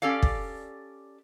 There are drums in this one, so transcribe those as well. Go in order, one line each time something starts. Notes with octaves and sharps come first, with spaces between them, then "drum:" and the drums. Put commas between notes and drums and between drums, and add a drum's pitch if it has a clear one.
C#4 G4 A4 D5 F5
drum: kick